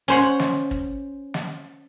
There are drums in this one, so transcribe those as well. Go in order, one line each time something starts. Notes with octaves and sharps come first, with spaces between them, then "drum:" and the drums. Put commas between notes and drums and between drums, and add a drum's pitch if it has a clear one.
C#4 C5 F#5
drum: snare
drum: kick
drum: snare